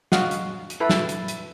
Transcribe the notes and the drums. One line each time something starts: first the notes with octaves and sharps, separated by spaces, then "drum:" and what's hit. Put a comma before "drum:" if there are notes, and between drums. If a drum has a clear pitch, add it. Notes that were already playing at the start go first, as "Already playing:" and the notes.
F#4 D#5 F5, drum: snare
drum: hi-hat
drum: hi-hat
E4 A4 B4 B5
drum: snare
drum: hi-hat
drum: hi-hat